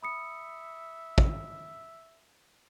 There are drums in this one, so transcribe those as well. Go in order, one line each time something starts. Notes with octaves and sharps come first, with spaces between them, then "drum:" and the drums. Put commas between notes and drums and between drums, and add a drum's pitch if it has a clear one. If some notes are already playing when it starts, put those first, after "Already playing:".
E5 B5 D#6 C#7
drum: kick